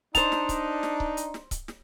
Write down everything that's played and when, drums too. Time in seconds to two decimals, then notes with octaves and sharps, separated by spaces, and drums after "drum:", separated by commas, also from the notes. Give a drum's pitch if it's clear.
0.15 D4 D#4 C5 A5 F7, drum: kick C#1, hi-hat
0.32 drum: snare
0.49 drum: kick C#1, hi-hat
0.83 drum: snare
1.00 drum: kick C#1
1.17 drum: hi-hat
1.34 drum: snare
1.51 drum: kick C#1, hi-hat
1.68 drum: snare